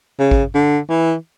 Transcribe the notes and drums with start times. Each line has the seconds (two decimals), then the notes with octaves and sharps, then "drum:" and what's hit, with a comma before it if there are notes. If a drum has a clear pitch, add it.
0.19 C#3
0.31 drum: kick G#1
0.55 D3
0.89 E3